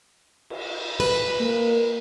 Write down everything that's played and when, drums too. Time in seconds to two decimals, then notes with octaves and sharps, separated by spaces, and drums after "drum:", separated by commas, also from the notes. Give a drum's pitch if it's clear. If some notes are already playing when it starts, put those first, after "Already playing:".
0.50 drum: cymbal
1.00 B4
1.40 A#3